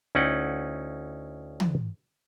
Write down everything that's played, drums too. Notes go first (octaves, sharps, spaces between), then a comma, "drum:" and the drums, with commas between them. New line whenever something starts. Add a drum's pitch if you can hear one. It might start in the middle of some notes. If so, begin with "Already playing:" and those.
D2 C#4 D#4 E4 F#5 G5
drum: tom